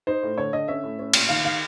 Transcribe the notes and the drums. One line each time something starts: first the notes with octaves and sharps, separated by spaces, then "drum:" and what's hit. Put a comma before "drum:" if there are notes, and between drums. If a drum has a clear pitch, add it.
D#4 C5
A2
D3 C#5
D3 D#5
C#4 E5
A2
C#4
A#2, drum: cymbal
D#3 F5
D#3 F5